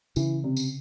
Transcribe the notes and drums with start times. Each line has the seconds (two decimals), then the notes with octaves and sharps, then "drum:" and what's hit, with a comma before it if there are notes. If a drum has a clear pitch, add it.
0.16 C#3 E3, drum: tambourine
0.44 C3
0.57 drum: tambourine